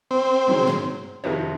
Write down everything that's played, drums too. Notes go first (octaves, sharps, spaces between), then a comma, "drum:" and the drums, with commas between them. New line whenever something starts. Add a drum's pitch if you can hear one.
C4
D#3 F#3 C#4 G#4, drum: tom
drum: snare
F2 C3 D#3, drum: tom